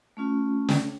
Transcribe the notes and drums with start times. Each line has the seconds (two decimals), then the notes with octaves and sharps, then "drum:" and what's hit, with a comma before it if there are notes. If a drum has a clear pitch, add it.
0.17 A3 C#4 F4
0.69 drum: snare